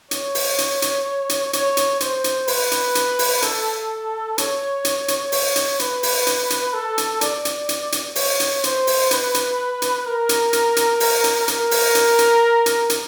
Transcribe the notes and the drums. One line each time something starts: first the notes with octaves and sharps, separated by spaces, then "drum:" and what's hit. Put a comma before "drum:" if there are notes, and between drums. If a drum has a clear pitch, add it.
C#5, drum: hi-hat
drum: open hi-hat
drum: hi-hat
drum: hi-hat
drum: hi-hat
C#5, drum: hi-hat
drum: hi-hat
C5, drum: hi-hat
drum: hi-hat
B4, drum: open hi-hat
drum: hi-hat
drum: hi-hat
drum: open hi-hat
A4, drum: hi-hat
C#5, drum: hi-hat
drum: hi-hat
drum: hi-hat
C#5, drum: open hi-hat
drum: hi-hat
B4, drum: hi-hat
drum: open hi-hat
drum: hi-hat
drum: hi-hat
A4
drum: hi-hat
D5, drum: hi-hat
drum: hi-hat
drum: hi-hat
drum: hi-hat
C#5, drum: open hi-hat
drum: hi-hat
C5, drum: hi-hat
drum: open hi-hat
B4, drum: hi-hat
drum: hi-hat
drum: hi-hat
A#4
drum: hi-hat
drum: hi-hat
drum: hi-hat
drum: open hi-hat
drum: hi-hat
A#4, drum: hi-hat
drum: open hi-hat
drum: hi-hat
drum: hi-hat
drum: hi-hat
drum: hi-hat